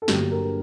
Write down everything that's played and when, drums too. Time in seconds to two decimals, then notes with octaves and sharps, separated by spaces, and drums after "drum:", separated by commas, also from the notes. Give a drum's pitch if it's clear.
0.02 A4
0.08 G1 G2 D3 F#3 A#3 G4, drum: snare
0.31 A#4